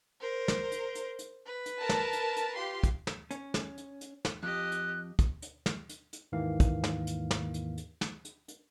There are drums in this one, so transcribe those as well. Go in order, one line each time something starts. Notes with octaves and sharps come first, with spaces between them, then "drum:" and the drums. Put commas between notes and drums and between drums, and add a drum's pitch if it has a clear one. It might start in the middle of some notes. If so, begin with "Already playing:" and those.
A#4 C5
drum: snare
drum: hi-hat
drum: hi-hat
drum: hi-hat
B4
drum: hi-hat
A#4 A5
drum: snare
drum: hi-hat
drum: hi-hat
F4 G4 C6
drum: kick, hi-hat
drum: snare
C#4, drum: hi-hat
drum: snare
drum: hi-hat
drum: hi-hat
drum: snare
F2 G4 D#5 F#6
drum: hi-hat
drum: kick, hi-hat
drum: hi-hat
drum: snare
drum: hi-hat
drum: hi-hat
D#2 G#2 D#3 E3 A#3 F5
drum: kick, hi-hat
drum: snare
drum: hi-hat
drum: snare
drum: hi-hat
drum: hi-hat
drum: snare
drum: hi-hat
drum: hi-hat